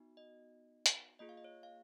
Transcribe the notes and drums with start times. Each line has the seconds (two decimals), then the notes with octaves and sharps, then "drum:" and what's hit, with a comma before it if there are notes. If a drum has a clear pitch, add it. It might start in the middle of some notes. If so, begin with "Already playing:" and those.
Already playing: B3 D#4 F#4
0.17 D#5
0.86 drum: hi-hat
1.19 A#3 F4 G#4 D#5
1.29 F5
1.37 D#5
1.44 C#5
1.63 F5